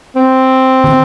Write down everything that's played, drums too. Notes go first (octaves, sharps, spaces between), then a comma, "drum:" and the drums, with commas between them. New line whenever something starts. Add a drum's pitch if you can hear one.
C4
drum: tom